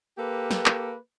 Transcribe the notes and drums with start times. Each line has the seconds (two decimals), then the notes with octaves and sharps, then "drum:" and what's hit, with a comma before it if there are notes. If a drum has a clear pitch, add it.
0.18 A#3 G4 A4 B4
0.51 drum: snare
0.66 drum: clap